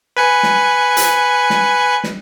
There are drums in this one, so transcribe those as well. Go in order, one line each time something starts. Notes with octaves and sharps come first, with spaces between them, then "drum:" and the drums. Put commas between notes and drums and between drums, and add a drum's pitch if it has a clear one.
B4 G#5 C#7
drum: snare
drum: hi-hat
drum: snare
drum: snare